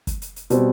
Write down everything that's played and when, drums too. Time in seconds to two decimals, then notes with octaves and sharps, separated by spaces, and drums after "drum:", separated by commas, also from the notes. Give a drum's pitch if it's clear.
0.07 drum: kick, hi-hat
0.22 drum: hi-hat
0.36 drum: hi-hat
0.50 B2 G3 C4, drum: hi-hat